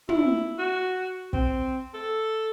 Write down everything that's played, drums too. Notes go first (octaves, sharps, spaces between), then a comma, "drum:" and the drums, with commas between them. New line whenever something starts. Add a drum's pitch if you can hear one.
E4, drum: tom
F#4
C4, drum: kick
A4